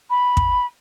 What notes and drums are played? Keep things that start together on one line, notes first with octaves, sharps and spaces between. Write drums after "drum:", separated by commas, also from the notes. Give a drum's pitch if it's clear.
B5
drum: kick